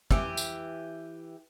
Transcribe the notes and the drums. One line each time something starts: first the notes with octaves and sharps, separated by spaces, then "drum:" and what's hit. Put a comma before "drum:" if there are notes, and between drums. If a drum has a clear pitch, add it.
E3 G4, drum: kick
drum: tambourine